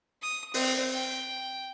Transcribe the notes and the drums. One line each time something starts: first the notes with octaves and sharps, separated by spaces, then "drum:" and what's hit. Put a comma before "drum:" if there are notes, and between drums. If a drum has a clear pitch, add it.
D#6
C4, drum: open hi-hat
G5